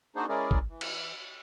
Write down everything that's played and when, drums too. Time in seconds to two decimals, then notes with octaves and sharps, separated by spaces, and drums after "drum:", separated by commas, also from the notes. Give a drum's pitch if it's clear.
0.16 A#3 D4 D#4 F#4 G#4 C5
0.29 G#3 C#4 E4 G#4 A#4 D5
0.51 drum: kick
0.69 E3
0.81 drum: cymbal